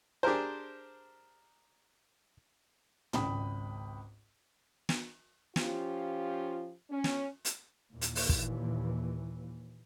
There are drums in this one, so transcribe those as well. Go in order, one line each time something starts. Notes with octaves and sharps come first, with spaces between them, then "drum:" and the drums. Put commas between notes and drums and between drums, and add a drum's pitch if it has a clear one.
D4 G4 G#4 A#4 C5
G#1 C#2 G5 B5 D#6, drum: tom
drum: snare
F3 C#4 F4 G4, drum: snare
C#4
drum: snare
drum: hi-hat
D#2 A#2 E3
drum: hi-hat
drum: open hi-hat
drum: kick